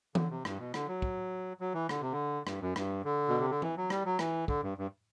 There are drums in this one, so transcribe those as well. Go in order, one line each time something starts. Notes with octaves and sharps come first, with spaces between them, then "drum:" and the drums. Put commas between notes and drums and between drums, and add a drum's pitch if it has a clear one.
D3, drum: tom E3
C3
G2, drum: rim click
B2
D3, drum: rim click
F#3
drum: kick
F#3
E3
D3, drum: rim click
C3
D3
G2, drum: rim click
F#2
G2, drum: rim click
D3
B2
C3
D3
E3, drum: tom E3
F#3
G3, drum: rim click
F#3
E3, drum: rim click
D3, drum: kick
G2
G2